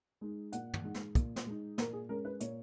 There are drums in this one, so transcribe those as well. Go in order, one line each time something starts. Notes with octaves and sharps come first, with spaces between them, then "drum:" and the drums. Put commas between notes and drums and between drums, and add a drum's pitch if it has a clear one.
G#3 D#4
A#2 F#5, drum: hi-hat
drum: tom
G#3 D#4
drum: snare
A#2, drum: kick, hi-hat
drum: snare
G#3 D#4
A#2 A#4, drum: snare
G#4
G#3 C#4 A#4
B4
A#2 C#5, drum: hi-hat